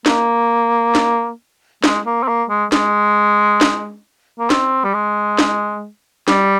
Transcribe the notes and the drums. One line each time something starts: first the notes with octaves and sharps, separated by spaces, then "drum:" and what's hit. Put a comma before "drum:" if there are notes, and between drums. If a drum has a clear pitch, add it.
A#3, drum: snare
drum: snare
G#3, drum: snare
A#3
C4
A#3
G#3
G#3, drum: snare
drum: snare
A#3
C4, drum: snare
G3
G#3
drum: snare
G3, drum: snare